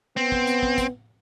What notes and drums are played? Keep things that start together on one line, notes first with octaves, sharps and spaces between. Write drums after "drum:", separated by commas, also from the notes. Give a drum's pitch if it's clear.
B3 C4
drum: kick
drum: hi-hat
drum: kick
drum: kick, hi-hat